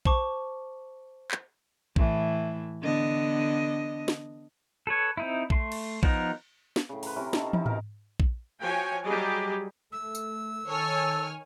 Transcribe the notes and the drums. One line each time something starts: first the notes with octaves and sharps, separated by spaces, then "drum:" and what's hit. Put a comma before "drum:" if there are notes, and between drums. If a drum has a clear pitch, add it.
C5 A5 C#6 D6, drum: kick A#1
drum: clap
A2 E3, drum: kick A#1
D3 B3 D#5
drum: snare
A4 B4 C#5
C4 D#4 E4
A3 C6, drum: kick A#1
drum: cymbal
F3 B3 D#4 A#4, drum: kick A#1
drum: snare
A2 C#3
B4 C5 A#5, drum: open hi-hat
C3 C#4 E4 A#4
D#4 A4 E5 F5, drum: snare
D#4 E4, drum: tom
B2 A4 A#4 F5, drum: tom G#2
drum: kick A#1
F3 F#4 C#5 G5 G#5
F#3 G3 G4 G#4 D#5
A3 E6
drum: tambourine
D#3 A4 C#5 G#5 F6